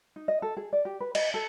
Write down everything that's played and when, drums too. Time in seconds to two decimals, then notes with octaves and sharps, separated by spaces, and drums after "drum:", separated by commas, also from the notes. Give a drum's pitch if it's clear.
0.16 D#4
0.28 D#5
0.42 A4
0.57 G#4
0.73 D5
0.85 G4
1.01 B4
1.15 D#5, drum: cymbal
1.34 A4